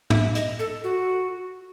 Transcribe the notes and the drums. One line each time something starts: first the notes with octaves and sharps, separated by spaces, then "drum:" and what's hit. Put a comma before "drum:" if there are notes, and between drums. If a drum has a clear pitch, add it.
E5, drum: tom
D#5, drum: hi-hat
A4
F#4